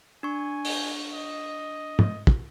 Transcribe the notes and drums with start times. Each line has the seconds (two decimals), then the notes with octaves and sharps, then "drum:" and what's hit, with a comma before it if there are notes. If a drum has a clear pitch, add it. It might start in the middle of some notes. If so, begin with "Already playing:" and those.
0.23 D4 G#5 C#6
0.65 drum: open hi-hat
1.13 D#5
1.99 drum: tom
2.27 drum: kick